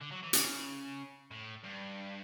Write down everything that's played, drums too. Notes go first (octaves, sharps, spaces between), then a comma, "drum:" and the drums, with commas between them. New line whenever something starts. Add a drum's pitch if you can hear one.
D3
F#3
E3
C#3, drum: hi-hat
A2
G2